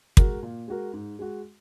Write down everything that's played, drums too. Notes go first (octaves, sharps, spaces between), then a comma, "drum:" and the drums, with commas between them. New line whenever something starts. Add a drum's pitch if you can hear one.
G#3 F#4 A#4, drum: kick
A#2
G#3 F#4 A#4
G#2
G#3 F#4